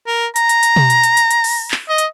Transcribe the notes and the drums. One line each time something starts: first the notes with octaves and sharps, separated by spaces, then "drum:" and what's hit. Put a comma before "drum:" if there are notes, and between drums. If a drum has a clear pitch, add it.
A#4
A#5, drum: hi-hat
drum: hi-hat
drum: hi-hat
drum: tom B2
drum: hi-hat
drum: hi-hat
drum: hi-hat
drum: hi-hat
drum: open hi-hat
drum: clap
D#5
drum: hi-hat